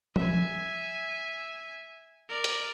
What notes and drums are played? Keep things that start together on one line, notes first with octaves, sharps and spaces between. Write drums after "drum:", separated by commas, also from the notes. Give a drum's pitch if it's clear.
E5 G#5, drum: tom F3
A#4 D5
drum: hi-hat